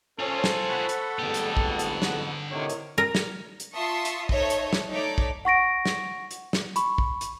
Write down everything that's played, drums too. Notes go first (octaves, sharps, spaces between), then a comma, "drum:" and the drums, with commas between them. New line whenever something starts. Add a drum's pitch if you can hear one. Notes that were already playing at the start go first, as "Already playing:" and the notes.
C#4 F4 G#4 A4 C5
drum: snare
F#5 B5 C#6
drum: hi-hat
F2 G#2 D3 F#3 G3 A3 B3 G4
drum: hi-hat
drum: kick
drum: hi-hat
drum: snare
A2 C3 D#3 E4 C#5
drum: hi-hat
A#4
drum: snare
drum: hi-hat
F4 E5 A5 C6 C#6 D#6
drum: hi-hat
D#4 A4 C5 C#5 D#5 E5, drum: kick
drum: hi-hat
drum: snare
A3 D#4 C#5 D5 D6 B6
drum: kick
F#5 C#6 A#6 D7
drum: snare
drum: hi-hat
drum: snare
B5 C#6, drum: hi-hat
drum: kick
drum: hi-hat